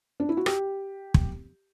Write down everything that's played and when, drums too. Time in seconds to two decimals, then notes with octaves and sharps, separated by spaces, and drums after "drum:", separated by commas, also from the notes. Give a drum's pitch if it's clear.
0.20 D4
0.29 E4
0.37 F#4
0.46 G4, drum: rim click
1.14 drum: kick